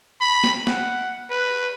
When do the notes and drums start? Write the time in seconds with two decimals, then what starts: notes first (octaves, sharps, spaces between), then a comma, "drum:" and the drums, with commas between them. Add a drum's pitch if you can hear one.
0.21 B5
0.44 drum: snare
0.67 F#5, drum: snare
1.30 B4